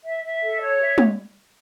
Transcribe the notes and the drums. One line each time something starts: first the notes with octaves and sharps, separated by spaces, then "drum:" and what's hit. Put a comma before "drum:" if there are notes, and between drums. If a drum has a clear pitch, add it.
E5
E5
A4
C#5
E5
drum: tom